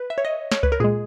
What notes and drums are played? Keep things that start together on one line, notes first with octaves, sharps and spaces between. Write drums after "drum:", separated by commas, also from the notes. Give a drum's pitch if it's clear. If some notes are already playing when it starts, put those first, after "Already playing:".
Already playing: B4
E5
C#5
D#5
C#5, drum: snare
B4, drum: kick C#2
A#4
A#2 G#3 G#4